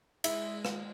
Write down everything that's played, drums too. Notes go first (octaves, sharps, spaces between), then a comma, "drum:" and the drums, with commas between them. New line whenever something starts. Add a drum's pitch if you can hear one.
G#3 E4, drum: cymbal
drum: rim click